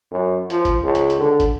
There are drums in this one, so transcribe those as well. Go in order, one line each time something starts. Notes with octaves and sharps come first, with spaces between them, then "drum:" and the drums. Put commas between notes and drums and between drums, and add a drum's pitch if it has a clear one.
F#2
F3, drum: hi-hat
drum: kick, hi-hat
C#2
drum: hi-hat
drum: hi-hat
D3
drum: kick, hi-hat